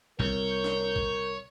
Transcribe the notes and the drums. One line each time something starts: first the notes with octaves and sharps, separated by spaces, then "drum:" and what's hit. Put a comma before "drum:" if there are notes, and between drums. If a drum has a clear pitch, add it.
C2 A#4 C#5 G6, drum: kick A#1
drum: snare
drum: kick A#1